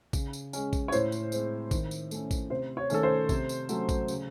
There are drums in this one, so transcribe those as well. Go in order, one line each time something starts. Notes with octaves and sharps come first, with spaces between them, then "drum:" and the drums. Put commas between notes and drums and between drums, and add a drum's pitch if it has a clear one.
C#3, drum: kick A1, tambourine
drum: tambourine
G#3 C#4, drum: tambourine
drum: kick A1, tambourine
C#5
A2 C5, drum: tambourine
drum: tambourine
G#3 C4, drum: tambourine
D#3, drum: kick A1, tambourine
drum: tambourine
A3 C#4, drum: tambourine
drum: kick A1, tambourine
C3 C5
C#5
D#3 A3 C#4 A4, drum: tambourine
C5
C3, drum: kick A1, tambourine
drum: tambourine
F#3 A3 C#4, drum: tambourine
drum: kick A1, tambourine
C#3, drum: tambourine